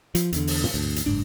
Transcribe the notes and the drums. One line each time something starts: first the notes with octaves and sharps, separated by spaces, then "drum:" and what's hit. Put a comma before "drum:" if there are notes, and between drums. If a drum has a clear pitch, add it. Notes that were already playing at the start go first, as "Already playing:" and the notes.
F3, drum: hi-hat
E2 D3, drum: hi-hat
drum: open hi-hat
drum: tom
D2
drum: hi-hat
F#1 G#2 D4